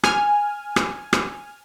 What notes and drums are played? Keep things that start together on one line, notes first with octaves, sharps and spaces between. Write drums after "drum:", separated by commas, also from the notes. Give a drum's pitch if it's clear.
G#5 F6, drum: rim click
drum: rim click
drum: rim click